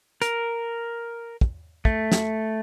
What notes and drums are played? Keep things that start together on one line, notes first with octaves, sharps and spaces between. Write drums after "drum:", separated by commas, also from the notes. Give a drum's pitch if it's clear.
A#4, drum: hi-hat
drum: kick
A3, drum: kick
drum: snare